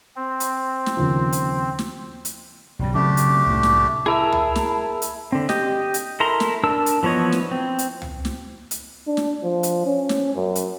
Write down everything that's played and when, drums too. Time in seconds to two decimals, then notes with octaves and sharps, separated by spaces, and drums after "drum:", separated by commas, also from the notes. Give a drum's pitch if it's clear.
0.16 C4
0.40 drum: hi-hat
0.86 drum: snare
0.97 D#2 C#3 F3
1.32 drum: hi-hat
1.79 drum: snare
2.25 drum: hi-hat
2.79 B1 F#2 G3
2.94 C#3 F#3 A3 C4 D4 G4
3.17 drum: hi-hat
3.46 C2 A2
3.63 drum: snare
4.06 E4 G#4 A#4 A5 E6
4.32 drum: tom
4.55 drum: snare
5.02 drum: hi-hat
5.32 D3 C4
5.49 G4 D#5, drum: snare
5.94 drum: hi-hat
6.20 E4 A4 A#4 A#5 C6
6.40 drum: snare
6.63 D4 A#4 A5 E6
6.86 drum: hi-hat
7.03 E3 F3 B3 C#5 D#5
7.32 drum: snare
7.52 C4
7.79 drum: hi-hat
8.02 drum: tom
8.25 drum: snare
8.71 drum: hi-hat
9.07 D4
9.17 drum: snare
9.43 F3
9.63 drum: hi-hat
9.86 C#4
10.09 drum: snare
10.35 F#2
10.55 drum: hi-hat